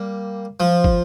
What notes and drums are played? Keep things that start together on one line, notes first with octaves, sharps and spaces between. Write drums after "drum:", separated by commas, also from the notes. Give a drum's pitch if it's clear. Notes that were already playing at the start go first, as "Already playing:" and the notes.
Already playing: G3 A#3
F3
drum: kick